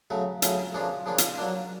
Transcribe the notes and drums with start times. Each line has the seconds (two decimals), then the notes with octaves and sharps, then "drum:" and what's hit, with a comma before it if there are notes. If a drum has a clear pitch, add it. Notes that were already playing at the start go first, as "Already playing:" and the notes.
0.10 C#3 F#3 A3
0.42 C#3 F#3 A3, drum: hi-hat
0.74 C#3 F3 A#3 D4 F4
1.06 C#3 F3 A#3 D4 F4
1.18 drum: hi-hat
1.38 F#3 A#3 D4